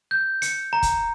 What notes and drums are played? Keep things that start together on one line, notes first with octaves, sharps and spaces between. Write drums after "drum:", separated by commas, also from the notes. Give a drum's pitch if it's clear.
G6
C#7, drum: hi-hat
A#5
drum: kick, hi-hat